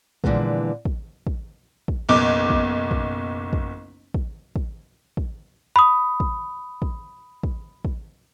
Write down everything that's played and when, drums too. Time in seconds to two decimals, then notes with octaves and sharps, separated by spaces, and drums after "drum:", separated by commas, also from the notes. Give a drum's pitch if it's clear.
0.24 A#2 D3 E3 F3 G#3 B3, drum: kick
0.85 drum: kick
1.27 drum: kick
1.88 drum: kick
2.09 F#1 B1 D6
2.50 drum: kick
2.91 drum: kick
3.53 drum: kick
4.14 drum: kick
4.56 drum: kick
5.17 drum: kick
5.76 B5 D#6
6.20 drum: kick
6.82 drum: kick
7.43 drum: kick
7.85 drum: kick